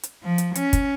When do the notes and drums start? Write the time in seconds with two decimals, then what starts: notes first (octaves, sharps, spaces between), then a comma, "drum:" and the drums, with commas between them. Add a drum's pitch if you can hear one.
0.03 drum: hi-hat
0.23 F3
0.38 drum: hi-hat
0.55 C#4, drum: hi-hat
0.73 drum: kick, hi-hat